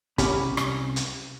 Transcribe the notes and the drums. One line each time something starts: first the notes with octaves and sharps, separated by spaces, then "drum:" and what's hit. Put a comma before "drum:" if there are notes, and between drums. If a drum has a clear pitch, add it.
C2 C#4 G4 B5, drum: kick, hi-hat
drum: rim click
drum: hi-hat